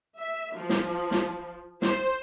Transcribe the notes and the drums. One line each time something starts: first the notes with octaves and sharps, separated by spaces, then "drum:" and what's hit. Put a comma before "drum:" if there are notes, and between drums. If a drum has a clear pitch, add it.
E5
F3
drum: snare
drum: snare
C5, drum: snare